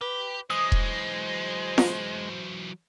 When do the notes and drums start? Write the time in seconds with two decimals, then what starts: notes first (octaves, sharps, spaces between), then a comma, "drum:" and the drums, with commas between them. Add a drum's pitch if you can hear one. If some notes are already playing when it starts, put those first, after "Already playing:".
0.01 G4 B4
0.50 E3 F#3 G#3 C5 D#6
0.72 drum: kick E1
1.78 drum: snare F4